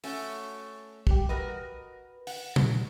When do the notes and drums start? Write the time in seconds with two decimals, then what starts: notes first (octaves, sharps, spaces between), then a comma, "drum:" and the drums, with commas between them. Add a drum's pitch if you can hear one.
0.04 A3 C#4 F#4, drum: open hi-hat
1.07 G3 G4, drum: kick
1.29 F#4 A#4 B4 D#5
2.27 F#5, drum: open hi-hat
2.56 F#4, drum: tom A#2